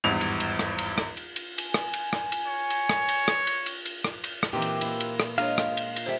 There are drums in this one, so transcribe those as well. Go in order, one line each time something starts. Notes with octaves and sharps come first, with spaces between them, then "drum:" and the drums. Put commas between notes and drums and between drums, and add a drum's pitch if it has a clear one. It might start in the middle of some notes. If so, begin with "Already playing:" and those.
G#1 E2 G2 B3 F7
drum: cymbal
drum: cymbal
drum: rim click
drum: cymbal
drum: rim click
drum: cymbal
drum: cymbal
G#5, drum: cymbal
drum: rim click
drum: cymbal
drum: rim click
drum: cymbal
C#5
drum: cymbal
drum: rim click
drum: cymbal
drum: rim click
drum: cymbal
drum: cymbal
drum: cymbal
drum: rim click
drum: cymbal
drum: rim click
A#2 E3 C4 D#4 G4
drum: cymbal
A#3 E4, drum: cymbal
drum: cymbal
drum: rim click
G#3 D4 F4 C#5 D#5 F5, drum: cymbal
drum: rim click
drum: cymbal
drum: cymbal
G3 A4 C5 E5